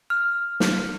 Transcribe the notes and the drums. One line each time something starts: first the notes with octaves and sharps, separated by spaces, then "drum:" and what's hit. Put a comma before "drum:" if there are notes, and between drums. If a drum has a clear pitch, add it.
F6
drum: snare